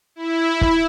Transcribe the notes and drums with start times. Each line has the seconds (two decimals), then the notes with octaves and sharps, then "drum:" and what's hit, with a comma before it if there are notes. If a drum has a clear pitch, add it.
0.16 E4
0.61 drum: kick